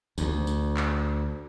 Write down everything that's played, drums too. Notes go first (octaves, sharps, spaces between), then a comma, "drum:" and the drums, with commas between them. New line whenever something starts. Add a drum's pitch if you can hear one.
D2, drum: tambourine
drum: tambourine
drum: clap